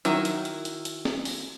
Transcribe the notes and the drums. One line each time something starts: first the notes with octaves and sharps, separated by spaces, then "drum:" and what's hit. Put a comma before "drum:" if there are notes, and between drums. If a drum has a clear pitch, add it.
D#3 F#3 E4, drum: hi-hat
drum: hi-hat
drum: hi-hat
drum: hi-hat
drum: hi-hat
drum: snare
drum: open hi-hat